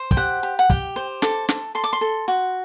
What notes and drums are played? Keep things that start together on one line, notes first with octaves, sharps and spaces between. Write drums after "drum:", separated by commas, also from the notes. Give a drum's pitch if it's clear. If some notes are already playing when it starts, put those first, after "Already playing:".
Already playing: C5
G5, drum: kick
G4 F#5
G4
F#5
G4 G5, drum: kick
C5
A4 D6, drum: snare
A4, drum: snare
A4 C6
D6
C6
A4
F#4